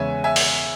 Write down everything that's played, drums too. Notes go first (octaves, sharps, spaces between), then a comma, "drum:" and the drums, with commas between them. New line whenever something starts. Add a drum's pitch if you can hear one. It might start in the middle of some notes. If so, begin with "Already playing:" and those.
Already playing: E2 C#3 G#3 C#4 E5 G#5
E5 G#5
drum: open hi-hat